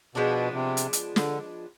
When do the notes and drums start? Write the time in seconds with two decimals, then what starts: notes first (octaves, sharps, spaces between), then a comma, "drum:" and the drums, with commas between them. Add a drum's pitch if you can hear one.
0.15 B2 F3 G#3 B3 D4
0.53 C3
0.77 drum: hi-hat
0.93 drum: hi-hat
1.16 D3, drum: snare